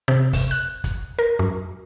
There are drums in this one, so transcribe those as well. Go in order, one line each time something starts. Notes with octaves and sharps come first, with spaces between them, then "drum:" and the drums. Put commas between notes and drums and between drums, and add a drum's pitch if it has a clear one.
C3
drum: kick, open hi-hat
F#6
drum: kick, hi-hat
A#4
F#2